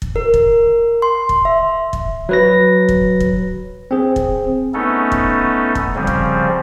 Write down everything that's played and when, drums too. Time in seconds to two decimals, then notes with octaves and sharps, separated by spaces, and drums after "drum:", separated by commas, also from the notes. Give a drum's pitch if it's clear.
0.02 drum: kick
0.16 A#4
0.34 drum: kick
1.02 C6
1.29 drum: kick
1.45 E5
1.93 drum: kick
2.29 F#3 B4 A#6
2.89 drum: kick
3.20 drum: kick
3.91 C4 G#4
4.16 drum: kick
4.74 A3 B3 C#4 D#4 A4
5.12 drum: kick
5.75 drum: kick
5.96 C#3 F3 G3 C4
6.07 drum: kick